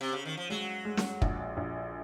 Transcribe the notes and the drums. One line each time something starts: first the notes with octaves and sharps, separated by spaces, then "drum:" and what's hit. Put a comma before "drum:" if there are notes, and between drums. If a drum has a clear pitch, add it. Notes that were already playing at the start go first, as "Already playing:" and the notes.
C3
C#3
D#3
F3
F#3 G#3
G#3
drum: snare
A#1, drum: kick
A#1